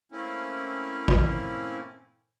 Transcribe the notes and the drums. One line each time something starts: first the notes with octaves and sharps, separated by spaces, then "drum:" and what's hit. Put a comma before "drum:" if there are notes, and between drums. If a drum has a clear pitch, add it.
A3 A#3 C4 C#4 E4
drum: kick